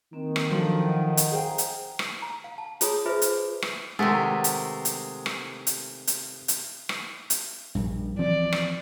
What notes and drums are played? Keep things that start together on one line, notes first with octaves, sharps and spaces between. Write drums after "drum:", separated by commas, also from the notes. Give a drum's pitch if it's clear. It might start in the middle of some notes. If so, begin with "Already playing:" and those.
D#3 A#3 C4
drum: rim click
F3 F#3 D4 A4 A5
D#5 F#5
drum: hi-hat
G#4 C5 F5 G5 G#5 A#5
drum: hi-hat
drum: rim click
A#5
F5
A5
F4 G#4 C#5 A#5 D#6, drum: hi-hat
F4 G#4 B4 C5 E5
drum: hi-hat
drum: rim click
C3 D#3 G#3 A3 B4 F#5 E6
drum: hi-hat
drum: hi-hat
drum: rim click
drum: hi-hat
drum: hi-hat
drum: hi-hat
drum: rim click
drum: hi-hat
A#1 G2
E3 F3 C4 D5
drum: rim click